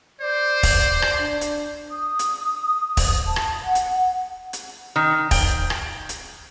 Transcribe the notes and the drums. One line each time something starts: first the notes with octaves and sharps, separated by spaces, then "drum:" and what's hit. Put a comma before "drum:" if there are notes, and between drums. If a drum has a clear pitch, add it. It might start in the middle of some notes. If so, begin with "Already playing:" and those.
C5 D5
drum: kick E1, open hi-hat
drum: rim click
D4
drum: hi-hat
D#6
drum: hi-hat
drum: kick E1, open hi-hat
A5
drum: rim click
F#5
drum: hi-hat
drum: hi-hat
D#3
G5, drum: kick E1, open hi-hat
drum: rim click
drum: hi-hat